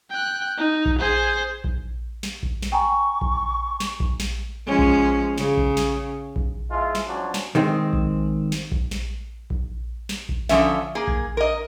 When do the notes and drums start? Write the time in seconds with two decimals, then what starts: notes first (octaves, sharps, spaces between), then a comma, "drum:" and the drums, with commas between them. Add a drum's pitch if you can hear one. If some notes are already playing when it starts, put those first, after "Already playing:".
0.10 G5 F#6
0.57 D#4
0.86 drum: kick A#1
0.99 G#4 C5
1.64 drum: kick A#1
2.23 drum: snare
2.43 drum: kick A#1
2.62 drum: snare
2.72 G5 G#5 A#5 C#6
3.21 drum: kick A#1
3.80 drum: snare
4.00 drum: kick A#1
4.20 drum: snare
4.66 F3 G#3 C#4
4.79 drum: kick A#1
5.38 C#3, drum: snare
5.57 drum: kick A#1
5.77 drum: snare
6.36 drum: kick A#1
6.70 F3 G#3 E4 F4
6.95 drum: snare
7.07 F3 F#3 C#4 D4
7.34 drum: snare
7.55 D#3 G#3 C4
7.93 drum: kick A#1
8.52 drum: snare
8.72 drum: kick A#1
8.91 drum: snare
9.50 drum: kick A#1
10.09 drum: snare
10.29 drum: kick A#1
10.49 D3 F3 C#4 E5, drum: snare
10.95 A#3 G#4
11.08 drum: kick A#1
11.37 A#4 D#5